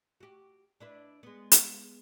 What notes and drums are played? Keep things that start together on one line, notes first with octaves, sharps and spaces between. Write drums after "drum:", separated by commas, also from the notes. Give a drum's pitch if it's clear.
F#4 G4
D4 E4 B4
G#3 B3
drum: hi-hat